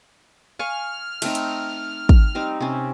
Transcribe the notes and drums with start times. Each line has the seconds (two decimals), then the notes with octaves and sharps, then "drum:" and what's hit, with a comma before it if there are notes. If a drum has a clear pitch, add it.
0.59 F5 G#5 C#6 F6
1.22 A3 C4 D#4, drum: cymbal
1.35 drum: hi-hat
2.09 drum: kick
2.35 G3 C4 D#4
2.61 C3 C4 C#4